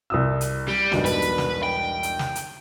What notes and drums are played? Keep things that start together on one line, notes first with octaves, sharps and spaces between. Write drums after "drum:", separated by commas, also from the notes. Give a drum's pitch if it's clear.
C2 D#6 E6
drum: hi-hat
G3
E1 B1 G2, drum: snare
B4, drum: hi-hat
drum: hi-hat
drum: snare
G5
drum: hi-hat
drum: snare
drum: hi-hat